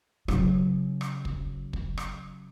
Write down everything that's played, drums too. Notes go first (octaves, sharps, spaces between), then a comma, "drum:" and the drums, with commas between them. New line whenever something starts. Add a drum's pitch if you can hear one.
C#3 F#3, drum: rim click
drum: rim click
drum: kick
drum: kick
drum: rim click